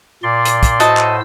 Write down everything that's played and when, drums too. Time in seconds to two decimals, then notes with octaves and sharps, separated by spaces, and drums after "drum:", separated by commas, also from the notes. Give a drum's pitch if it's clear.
0.23 A#2 D5 C6
0.45 drum: hi-hat
0.63 drum: kick, hi-hat
0.80 A2 F#4 C5 D#5 A5 E6, drum: hi-hat
0.97 drum: clap